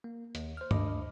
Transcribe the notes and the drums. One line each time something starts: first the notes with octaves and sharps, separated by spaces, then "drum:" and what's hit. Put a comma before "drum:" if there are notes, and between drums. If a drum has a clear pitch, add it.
A#3
D#2, drum: hi-hat
C5 F6
D2 D4 D#5 B5 D6, drum: tom G2